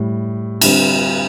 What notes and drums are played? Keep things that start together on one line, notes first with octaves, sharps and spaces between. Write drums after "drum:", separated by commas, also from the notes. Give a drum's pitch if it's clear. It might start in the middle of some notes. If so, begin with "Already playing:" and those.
Already playing: A2 G3
D3 G3 C4, drum: cymbal